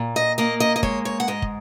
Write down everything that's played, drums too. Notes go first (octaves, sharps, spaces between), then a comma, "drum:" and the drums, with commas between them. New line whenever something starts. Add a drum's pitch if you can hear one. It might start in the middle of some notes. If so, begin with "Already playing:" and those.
Already playing: A#2
D#5
A#3 D#5
D#5
D#5
G#3 C#5, drum: kick
C#5
F#5
G#2 D#5
drum: kick